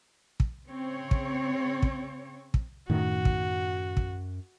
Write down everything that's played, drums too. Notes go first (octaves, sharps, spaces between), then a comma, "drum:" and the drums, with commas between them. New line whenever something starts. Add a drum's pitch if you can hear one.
drum: kick
C#3 C4 C#5
drum: kick
drum: kick
drum: kick
F#2 A2 D#3 F#4
drum: kick
drum: kick